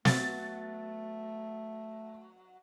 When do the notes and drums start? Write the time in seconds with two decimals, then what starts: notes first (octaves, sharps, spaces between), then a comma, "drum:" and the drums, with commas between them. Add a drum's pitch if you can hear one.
0.05 F#3 A3 B3 A6, drum: snare